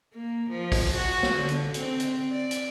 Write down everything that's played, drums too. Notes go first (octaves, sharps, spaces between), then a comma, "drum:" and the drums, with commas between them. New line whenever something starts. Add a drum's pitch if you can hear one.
A#3
F3
drum: kick, open hi-hat
F#4
drum: snare
D3
drum: hi-hat
C4, drum: hi-hat
drum: hi-hat
D5
drum: hi-hat